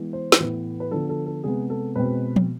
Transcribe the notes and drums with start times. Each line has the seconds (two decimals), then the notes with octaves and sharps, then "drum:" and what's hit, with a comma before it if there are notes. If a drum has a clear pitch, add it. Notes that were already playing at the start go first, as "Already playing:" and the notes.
Already playing: E3 G#3 B3
0.13 C5
0.32 C5, drum: snare
0.39 A2 E3 B3 B4
0.80 B4
0.91 D3 F3 B3 A4
1.09 A4
1.26 A4
1.44 C3 G#3 B3 G#4
1.70 A4
1.96 B2 G#3 C4 B4
2.36 drum: tom F3